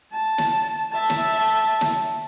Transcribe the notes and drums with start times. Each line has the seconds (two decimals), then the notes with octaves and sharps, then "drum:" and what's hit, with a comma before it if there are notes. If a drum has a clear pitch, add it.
0.13 A5
0.38 drum: snare
0.92 E5 A5
1.10 drum: snare
1.81 drum: snare